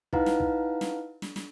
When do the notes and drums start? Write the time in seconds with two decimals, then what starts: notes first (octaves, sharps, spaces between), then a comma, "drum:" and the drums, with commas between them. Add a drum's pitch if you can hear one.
0.13 D#4 E4 B4 F5 F#5 A#5, drum: kick
0.26 drum: snare
0.40 drum: kick
0.81 drum: snare
1.22 drum: snare
1.36 drum: snare